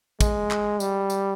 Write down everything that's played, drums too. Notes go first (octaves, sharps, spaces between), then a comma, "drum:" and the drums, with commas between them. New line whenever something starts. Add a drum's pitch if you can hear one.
G#3, drum: kick, tambourine
drum: clap
G3, drum: tambourine
drum: tambourine